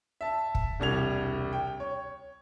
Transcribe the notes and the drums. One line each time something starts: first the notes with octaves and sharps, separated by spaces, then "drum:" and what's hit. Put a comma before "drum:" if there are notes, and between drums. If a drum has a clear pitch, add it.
E5 A5
drum: kick
E1 C2 G3 G#6 F7
G5
C#5